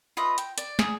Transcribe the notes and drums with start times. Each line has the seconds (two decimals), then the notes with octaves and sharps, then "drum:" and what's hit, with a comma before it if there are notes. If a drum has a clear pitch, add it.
0.17 F4 B4 D#5 E5
0.38 G5, drum: hi-hat
0.58 D5, drum: hi-hat
0.79 G#4, drum: snare